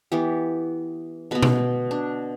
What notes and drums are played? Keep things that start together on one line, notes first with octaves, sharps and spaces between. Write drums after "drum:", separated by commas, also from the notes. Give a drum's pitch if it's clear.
E3 B3 G4
B2 B3 B4
drum: tom B2
D4